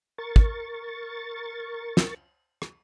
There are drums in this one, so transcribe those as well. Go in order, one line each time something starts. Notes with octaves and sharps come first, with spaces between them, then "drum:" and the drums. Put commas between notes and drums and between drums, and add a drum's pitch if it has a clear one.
A#4 C#6 A6
drum: kick
drum: snare
drum: rim click